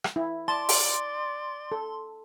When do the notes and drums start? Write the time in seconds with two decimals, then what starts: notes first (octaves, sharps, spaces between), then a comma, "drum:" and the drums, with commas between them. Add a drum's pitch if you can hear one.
0.04 drum: rim click
0.16 E4
0.48 D5 A5 C6
0.69 drum: open hi-hat
1.72 A4